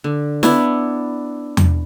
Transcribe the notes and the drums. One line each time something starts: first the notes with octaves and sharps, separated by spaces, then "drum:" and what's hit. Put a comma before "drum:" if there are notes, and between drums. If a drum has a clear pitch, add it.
D3
B3 D4 E4, drum: snare
drum: tom E2